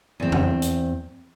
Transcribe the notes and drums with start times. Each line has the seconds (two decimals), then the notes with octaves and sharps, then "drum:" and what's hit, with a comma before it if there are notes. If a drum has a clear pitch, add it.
0.20 E2 C4
0.32 drum: tom F2
0.62 drum: hi-hat